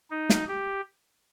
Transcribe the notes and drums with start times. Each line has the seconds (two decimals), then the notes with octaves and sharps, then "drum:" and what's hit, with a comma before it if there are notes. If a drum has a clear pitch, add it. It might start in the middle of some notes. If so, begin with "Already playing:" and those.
0.11 D#4
0.30 drum: snare
0.48 G4